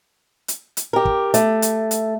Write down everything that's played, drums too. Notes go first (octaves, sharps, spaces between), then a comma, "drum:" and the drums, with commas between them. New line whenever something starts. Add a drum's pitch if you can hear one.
drum: hi-hat
drum: hi-hat
G4 A#4
drum: kick
A3, drum: hi-hat
drum: hi-hat
drum: hi-hat